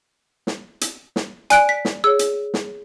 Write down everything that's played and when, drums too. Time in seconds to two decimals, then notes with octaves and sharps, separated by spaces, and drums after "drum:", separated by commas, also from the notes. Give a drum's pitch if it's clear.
0.47 drum: snare
0.81 drum: hi-hat
1.16 drum: snare
1.50 D5 G#5 F#6 D7, drum: hi-hat
1.69 B6
1.85 drum: snare
2.04 G#4 C#5 E6
2.19 drum: hi-hat
2.54 drum: snare